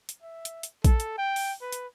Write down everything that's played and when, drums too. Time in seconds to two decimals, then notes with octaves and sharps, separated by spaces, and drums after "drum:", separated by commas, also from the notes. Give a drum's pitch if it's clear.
0.09 drum: hi-hat
0.22 E5
0.45 drum: hi-hat
0.63 drum: hi-hat
0.85 A4, drum: kick A#1, hi-hat
1.00 drum: hi-hat
1.18 G5
1.36 drum: open hi-hat
1.61 B4
1.72 drum: hi-hat